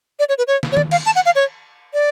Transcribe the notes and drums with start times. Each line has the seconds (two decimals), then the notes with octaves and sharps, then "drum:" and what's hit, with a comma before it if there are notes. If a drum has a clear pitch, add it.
0.19 D5
0.29 C#5
0.38 B4
0.47 C#5
0.63 drum: snare
0.72 C#5
0.77 D5, drum: tom D#3
0.91 F5, drum: cymbal
1.06 A5
1.16 F#5
1.26 F5
1.36 C#5
1.94 D5